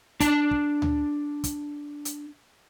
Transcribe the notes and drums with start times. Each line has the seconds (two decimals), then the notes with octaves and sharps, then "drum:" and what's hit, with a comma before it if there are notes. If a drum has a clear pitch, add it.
0.20 D4 A5, drum: kick, hi-hat
0.51 drum: kick
0.82 drum: tom D2
1.44 drum: kick, hi-hat
2.05 drum: hi-hat